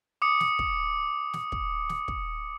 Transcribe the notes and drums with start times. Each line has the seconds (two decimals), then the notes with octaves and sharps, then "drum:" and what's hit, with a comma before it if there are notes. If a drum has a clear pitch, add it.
0.22 D6 D#6 C#7
0.40 drum: snare
0.59 drum: kick
1.33 drum: snare
1.52 drum: kick
1.89 drum: snare
2.08 drum: kick